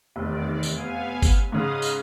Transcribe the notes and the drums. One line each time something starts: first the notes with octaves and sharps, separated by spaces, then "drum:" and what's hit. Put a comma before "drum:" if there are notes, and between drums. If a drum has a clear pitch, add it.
F1 E2 D#3 D5
drum: tambourine
B3 F5 G#5
drum: kick G1, tambourine
G#2 C#3 D#5 F5 D#6
drum: tambourine